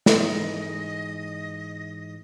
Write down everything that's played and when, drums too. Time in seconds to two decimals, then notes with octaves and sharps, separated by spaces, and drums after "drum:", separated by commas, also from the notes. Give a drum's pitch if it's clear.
0.06 G#2 E3 G#3 D#5, drum: snare